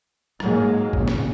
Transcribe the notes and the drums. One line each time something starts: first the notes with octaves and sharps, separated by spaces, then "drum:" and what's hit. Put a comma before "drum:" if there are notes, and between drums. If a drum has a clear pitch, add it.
G#2 F#3 G#3 A#3, drum: rim click
G#1 A#2 C#3, drum: kick A1
drum: snare